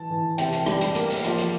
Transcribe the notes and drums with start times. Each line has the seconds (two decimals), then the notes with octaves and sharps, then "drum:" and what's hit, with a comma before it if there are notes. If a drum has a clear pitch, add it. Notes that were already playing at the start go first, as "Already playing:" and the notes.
Already playing: E3 A5
0.10 E3
0.38 C3 G5, drum: hi-hat
0.53 drum: hi-hat
0.66 G3, drum: rim click
0.81 drum: hi-hat
0.95 A#3, drum: hi-hat
1.10 drum: open hi-hat
1.24 F3, drum: hi-hat
1.38 drum: hi-hat